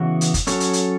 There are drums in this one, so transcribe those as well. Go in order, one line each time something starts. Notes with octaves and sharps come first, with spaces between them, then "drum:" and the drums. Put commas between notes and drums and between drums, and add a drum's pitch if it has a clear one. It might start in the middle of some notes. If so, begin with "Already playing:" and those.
Already playing: C#3 E3 B3 F#4
drum: hi-hat
drum: kick, hi-hat
F#3 C#4 A4 C#5, drum: hi-hat
drum: hi-hat
drum: hi-hat